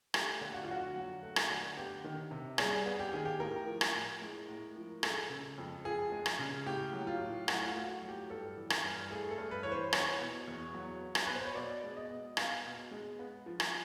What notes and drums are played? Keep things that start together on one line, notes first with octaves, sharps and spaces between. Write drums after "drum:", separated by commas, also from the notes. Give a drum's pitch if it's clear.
A3 G4, drum: rim click
D3
F#4
F4
F2 F#4
F#3
A3
drum: rim click
D3
B3 G4
D#3
C3
G3 G#4, drum: rim click
B3
G4
D#3 G#4
G4
A2 A#4
F3
drum: rim click
A2
G#3
A2
F3
G#3 A4, drum: rim click
C#3
F2
F3 G#4
G#3
drum: rim click
C#3
A2 G4
F#3
F4
A2
A3 F#4, drum: rim click
F#4
F4
A2
F#4
F#3
G4
G2 A4
E3
drum: rim click
G2
A3 G#4
A4
G2
B4
E3 C#5
C5
B3 C#5, drum: rim click
B2
E2
F#3
B3
drum: rim click
B2 B4
C5
C#5
B2 D5
G#3
D#5
B2
B3 F5, drum: rim click
B2
G#3
B3
F3
drum: rim click